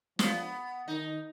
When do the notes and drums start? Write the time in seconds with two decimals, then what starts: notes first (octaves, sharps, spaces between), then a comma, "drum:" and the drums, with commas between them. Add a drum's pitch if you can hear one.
0.19 F3 B3, drum: snare
0.88 D#3 D#4